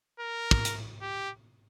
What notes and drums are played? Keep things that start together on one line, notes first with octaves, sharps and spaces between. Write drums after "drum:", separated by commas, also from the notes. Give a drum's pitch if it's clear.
A#4
drum: kick
drum: hi-hat
G4